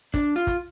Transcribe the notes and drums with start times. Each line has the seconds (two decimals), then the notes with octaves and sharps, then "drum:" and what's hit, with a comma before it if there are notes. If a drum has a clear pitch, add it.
0.14 D4, drum: kick, hi-hat
0.36 F4
0.47 drum: kick, hi-hat